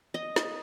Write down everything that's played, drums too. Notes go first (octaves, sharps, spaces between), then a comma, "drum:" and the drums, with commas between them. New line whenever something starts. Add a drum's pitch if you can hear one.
D#5
drum: snare